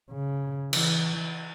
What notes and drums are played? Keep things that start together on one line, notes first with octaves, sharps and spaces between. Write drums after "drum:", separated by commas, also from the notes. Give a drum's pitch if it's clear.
C#3
E3, drum: cymbal